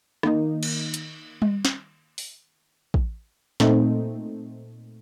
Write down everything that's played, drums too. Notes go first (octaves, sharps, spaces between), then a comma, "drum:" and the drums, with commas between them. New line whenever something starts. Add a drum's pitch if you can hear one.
D#3 A#3 D#4, drum: rim click
drum: cymbal
drum: hi-hat
drum: tom G3
drum: snare
drum: open hi-hat
drum: kick
A#2 A3 C4 D#4, drum: snare